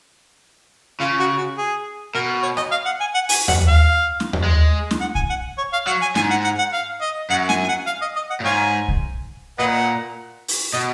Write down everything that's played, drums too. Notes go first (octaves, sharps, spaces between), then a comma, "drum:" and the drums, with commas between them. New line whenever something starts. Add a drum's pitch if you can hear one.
C#3 F4
F#4
F#4
G#4
B2 A#4
C#5
D#5, drum: rim click
F5
F#5
G#5
F#5
G#5, drum: open hi-hat
F#5, drum: tom D#2
F5
drum: snare
drum: tom D#2
G#3
drum: snare
F#5
G#5, drum: kick
F#5
C#5
F5
F#3 F#5
G#5
G#2 G#5, drum: snare
F#5
F#5
F#5
F5
D#5
F#2 F#5
G#5, drum: snare
G#5
F#5
F5
D#5
D#5
F#5
A#2
G#2 C#5 F5 G#5
drum: kick
A#2 B4 D#5 F#5
drum: open hi-hat
B2 D#5